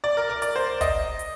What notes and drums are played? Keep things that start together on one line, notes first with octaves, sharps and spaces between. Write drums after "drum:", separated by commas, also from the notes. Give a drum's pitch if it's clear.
D5
A#4
A#4
D5, drum: hi-hat
C5
D#5, drum: kick, hi-hat
drum: hi-hat